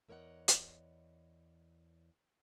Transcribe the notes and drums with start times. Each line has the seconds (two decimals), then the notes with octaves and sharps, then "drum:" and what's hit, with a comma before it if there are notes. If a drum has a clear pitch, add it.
0.08 E2 A#4 C#5 D#5 F#5
0.48 drum: hi-hat